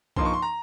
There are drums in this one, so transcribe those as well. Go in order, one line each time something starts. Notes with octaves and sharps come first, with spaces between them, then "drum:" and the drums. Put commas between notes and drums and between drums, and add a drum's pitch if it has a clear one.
G2 F3 A#3 D#4 C6, drum: kick B1
C#6
C6
A#5